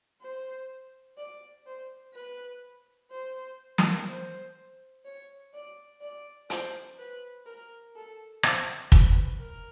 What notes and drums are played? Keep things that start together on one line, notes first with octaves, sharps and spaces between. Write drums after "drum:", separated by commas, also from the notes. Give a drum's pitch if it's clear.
C5
D5
C5
B4
C5
drum: snare
C5
C#5
D5
D5
C5, drum: hi-hat
B4
A#4
A4
C5, drum: rim click
B4, drum: kick
A#4